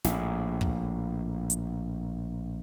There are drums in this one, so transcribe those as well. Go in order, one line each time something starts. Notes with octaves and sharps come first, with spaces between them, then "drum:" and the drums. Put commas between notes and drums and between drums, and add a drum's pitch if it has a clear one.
A#1 A2, drum: snare
drum: kick
drum: hi-hat